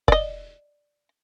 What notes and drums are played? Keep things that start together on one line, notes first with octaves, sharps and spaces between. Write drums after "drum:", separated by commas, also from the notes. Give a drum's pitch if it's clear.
D5 D#5, drum: kick F#1